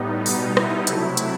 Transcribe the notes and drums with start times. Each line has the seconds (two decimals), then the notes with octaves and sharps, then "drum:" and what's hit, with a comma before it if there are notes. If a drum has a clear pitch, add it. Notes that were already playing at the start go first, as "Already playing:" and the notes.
Already playing: A2 G3 B3 D#4
0.26 B2 G3 B3, drum: open hi-hat
0.57 E4, drum: rim click
0.87 C3 F#3 A3, drum: hi-hat
1.17 drum: hi-hat